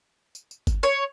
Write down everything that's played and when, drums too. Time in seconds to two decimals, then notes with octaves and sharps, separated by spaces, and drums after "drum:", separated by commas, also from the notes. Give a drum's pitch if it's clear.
0.35 drum: tambourine
0.51 drum: tambourine
0.67 drum: kick G1, tambourine
0.83 C#5, drum: tambourine